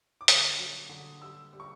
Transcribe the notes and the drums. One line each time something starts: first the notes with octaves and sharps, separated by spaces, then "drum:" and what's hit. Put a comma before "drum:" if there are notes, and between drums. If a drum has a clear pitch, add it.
D6
D3 D#6, drum: hi-hat
F#3
D3
G3 E6
G3
C#6